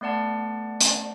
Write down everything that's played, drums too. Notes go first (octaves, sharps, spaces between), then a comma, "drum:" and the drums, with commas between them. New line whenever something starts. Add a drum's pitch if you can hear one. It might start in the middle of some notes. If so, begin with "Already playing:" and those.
A3 B3 D5 F#5 A5
drum: hi-hat